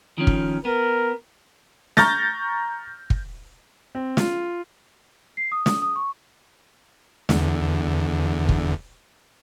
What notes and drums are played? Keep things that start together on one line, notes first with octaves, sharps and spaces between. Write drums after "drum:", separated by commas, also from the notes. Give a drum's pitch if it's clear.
D#3 F3 C#4
drum: kick
B3 A#4
A#5 C#6 F6 G6 A6 A#6, drum: snare
drum: kick
C4
F4, drum: snare
C7
D#6
D#6, drum: snare
D#6
C#6
E2 D3, drum: snare
drum: kick